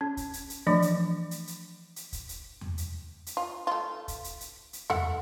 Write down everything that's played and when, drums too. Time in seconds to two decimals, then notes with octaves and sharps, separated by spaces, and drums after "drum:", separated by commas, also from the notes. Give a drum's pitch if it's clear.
0.01 C#4
0.17 drum: kick, hi-hat
0.33 drum: hi-hat
0.50 drum: hi-hat
0.67 E3 F3 A3 D4 D5
0.82 drum: hi-hat
1.31 drum: hi-hat
1.47 drum: hi-hat
1.96 drum: hi-hat
2.12 drum: kick, hi-hat
2.29 drum: hi-hat
2.61 drum: tom E2
2.78 drum: hi-hat
3.26 drum: hi-hat
3.37 F4
3.67 A3 F4
4.08 drum: kick, hi-hat
4.24 drum: hi-hat
4.40 drum: hi-hat
4.73 drum: hi-hat
4.90 A4 E5 F#5, drum: tom E2